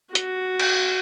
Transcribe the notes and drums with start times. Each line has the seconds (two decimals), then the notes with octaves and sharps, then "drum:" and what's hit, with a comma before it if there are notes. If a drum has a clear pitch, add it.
0.15 F#4, drum: hi-hat
0.59 drum: cymbal